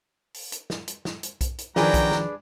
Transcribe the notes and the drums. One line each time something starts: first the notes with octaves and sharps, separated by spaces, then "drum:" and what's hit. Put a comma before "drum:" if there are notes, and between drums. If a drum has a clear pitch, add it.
drum: open hi-hat
drum: hi-hat
drum: snare
drum: hi-hat
drum: snare
drum: hi-hat
drum: kick B1, hi-hat
drum: hi-hat
D#3 F3 F#3 D4 G#4 B4 G5 A#5, drum: snare
drum: kick B1, hi-hat
drum: snare